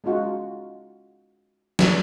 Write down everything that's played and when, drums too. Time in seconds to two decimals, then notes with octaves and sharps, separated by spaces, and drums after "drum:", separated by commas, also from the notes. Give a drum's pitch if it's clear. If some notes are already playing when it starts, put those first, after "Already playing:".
0.04 G#3 C#4 D#4 F4 F#4
1.79 drum: snare